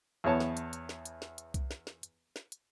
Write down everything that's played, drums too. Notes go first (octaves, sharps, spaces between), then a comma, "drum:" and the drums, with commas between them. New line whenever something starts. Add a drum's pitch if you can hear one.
E2 B3 C#5 A5
drum: snare
drum: hi-hat
drum: hi-hat
drum: snare
drum: hi-hat
drum: snare
drum: hi-hat
drum: kick C2, hi-hat
drum: snare
drum: snare
drum: hi-hat
drum: snare
drum: hi-hat